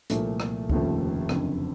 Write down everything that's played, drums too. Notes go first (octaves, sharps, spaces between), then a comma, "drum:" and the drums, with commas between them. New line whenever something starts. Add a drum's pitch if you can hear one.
C2 A#2 F3 A3, drum: hi-hat
drum: rim click
F1 D#2 C#3 F3 A3, drum: kick C#2
F#1 F2 D3, drum: rim click